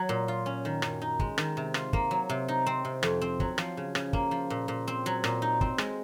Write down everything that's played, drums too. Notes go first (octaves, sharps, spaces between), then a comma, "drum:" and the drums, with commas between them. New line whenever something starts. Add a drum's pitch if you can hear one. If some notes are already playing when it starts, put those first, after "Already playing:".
Already playing: F#3
A#2
F4
C#4
D#3
F#2, drum: rim click
D#4
G#3, drum: kick
D#3, drum: rim click
C3
F4, drum: rim click
A#3, drum: kick
F#3
C3
D#4
C4
C3
F2, drum: rim click
C4
F#3, drum: kick
F3, drum: rim click
C#3
C#3, drum: rim click
A#3, drum: kick
F3
A#2
A#2
C4
F#3
A#2, drum: rim click
D#4
C4, drum: kick
G#3, drum: rim click